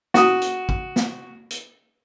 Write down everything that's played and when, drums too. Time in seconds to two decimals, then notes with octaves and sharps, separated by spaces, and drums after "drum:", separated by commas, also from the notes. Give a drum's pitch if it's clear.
0.14 F#4 D#6, drum: snare
0.42 drum: hi-hat
0.69 drum: kick G#1
0.96 drum: snare
1.50 drum: hi-hat